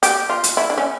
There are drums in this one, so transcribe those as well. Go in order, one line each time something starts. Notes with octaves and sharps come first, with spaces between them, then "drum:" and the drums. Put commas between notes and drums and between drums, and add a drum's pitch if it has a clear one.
G4, drum: hi-hat
F4
drum: hi-hat
E4
D4
C#4